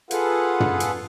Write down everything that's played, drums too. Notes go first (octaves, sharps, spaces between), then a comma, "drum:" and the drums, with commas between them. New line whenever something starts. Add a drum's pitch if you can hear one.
F4 G#4 A4 B4 F5 F#5, drum: hi-hat
drum: tom
drum: hi-hat